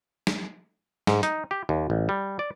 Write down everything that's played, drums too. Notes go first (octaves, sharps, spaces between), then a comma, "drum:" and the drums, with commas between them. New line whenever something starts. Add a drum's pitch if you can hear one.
drum: snare
G#2, drum: snare
D#4, drum: hi-hat
G4
D#2
A1
G3
D5